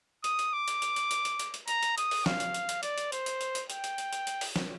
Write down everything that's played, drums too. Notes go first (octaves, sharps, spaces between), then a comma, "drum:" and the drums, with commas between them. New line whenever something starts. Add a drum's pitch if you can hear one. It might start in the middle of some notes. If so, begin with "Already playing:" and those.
D#6, drum: hi-hat
drum: hi-hat
D6
drum: hi-hat
drum: hi-hat
drum: hi-hat
drum: hi-hat
drum: hi-hat
drum: hi-hat
drum: hi-hat
A#5, drum: hi-hat
drum: hi-hat
D#6, drum: hi-hat
drum: open hi-hat
F5, drum: snare
drum: hi-hat
drum: hi-hat
drum: hi-hat
D5, drum: hi-hat
drum: hi-hat
C5, drum: hi-hat
drum: hi-hat
drum: hi-hat
drum: hi-hat
G5, drum: hi-hat
drum: hi-hat
drum: hi-hat
drum: hi-hat
drum: hi-hat
drum: open hi-hat
drum: snare